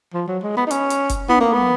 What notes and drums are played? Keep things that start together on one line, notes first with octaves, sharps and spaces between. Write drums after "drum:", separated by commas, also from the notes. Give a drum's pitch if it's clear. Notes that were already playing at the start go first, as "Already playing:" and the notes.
F3
F#3
G#3
B3
D#4
C#4, drum: hi-hat
drum: hi-hat
drum: kick F#1, hi-hat
B3, drum: tom
A#3
B3